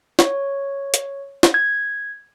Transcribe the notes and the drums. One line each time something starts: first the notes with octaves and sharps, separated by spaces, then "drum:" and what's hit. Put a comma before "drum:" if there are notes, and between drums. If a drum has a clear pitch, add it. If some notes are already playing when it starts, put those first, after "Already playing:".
C#5, drum: snare
drum: hi-hat
drum: snare
G#6